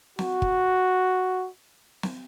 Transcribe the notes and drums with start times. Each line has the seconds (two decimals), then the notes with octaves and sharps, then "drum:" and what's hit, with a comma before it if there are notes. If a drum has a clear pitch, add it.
0.19 F#4, drum: snare
0.42 drum: kick
2.03 drum: snare